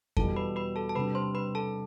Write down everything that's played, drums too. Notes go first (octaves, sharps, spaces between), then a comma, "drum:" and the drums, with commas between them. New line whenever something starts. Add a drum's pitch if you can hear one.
E2 B2 G3 A4 A5, drum: kick F2
B4 B5
B4 B5
A4 A5
A5
C3 G3 D4 B4 B5
C5 C6
B4 B5
A4 A5